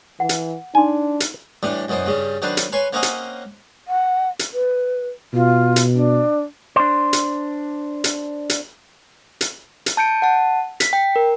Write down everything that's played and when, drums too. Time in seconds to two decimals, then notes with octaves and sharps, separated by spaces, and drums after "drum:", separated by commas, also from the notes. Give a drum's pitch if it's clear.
0.20 E3 F#5
0.29 drum: hi-hat
0.75 D4 D#4 G#5 C6
1.20 drum: hi-hat
1.63 A2 E3 G3 D4
1.88 F#2 B2 E3 C5 D#6
2.06 G2 C#3 G3
2.42 D#3 F#3 D4 B4 C5
2.57 drum: hi-hat
2.72 B4 C#5 G#5 C6 C#6
2.93 A#3 C4 C#4 D#5 F#5
3.03 drum: hi-hat
3.88 F#5
4.39 drum: hi-hat
4.54 B4
5.34 B2 F4
5.76 drum: hi-hat
5.94 D4
6.76 D4 C5
7.13 drum: hi-hat
8.04 drum: hi-hat
8.50 drum: hi-hat
9.41 drum: hi-hat
9.86 drum: hi-hat
9.97 A5 G6 C#7 D7
10.22 F#5 A5
10.80 B6, drum: hi-hat
10.93 G5
11.16 A#4